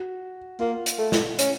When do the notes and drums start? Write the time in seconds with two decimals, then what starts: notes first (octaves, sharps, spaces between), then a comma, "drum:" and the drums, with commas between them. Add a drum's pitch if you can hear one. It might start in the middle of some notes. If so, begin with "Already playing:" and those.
Already playing: F#4
0.60 A#3 F4
0.86 drum: hi-hat
0.99 A3
1.12 drum: snare
1.39 C#4, drum: hi-hat